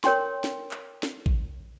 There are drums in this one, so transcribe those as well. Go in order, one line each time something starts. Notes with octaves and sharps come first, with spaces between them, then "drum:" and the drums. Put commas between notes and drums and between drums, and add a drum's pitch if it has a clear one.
A#4 C#5 G5 C6, drum: snare
drum: snare
drum: clap
drum: snare
drum: kick